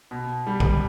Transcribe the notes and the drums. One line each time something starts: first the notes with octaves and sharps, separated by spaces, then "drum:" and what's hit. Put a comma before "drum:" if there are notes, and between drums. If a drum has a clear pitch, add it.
B2
G3
drum: kick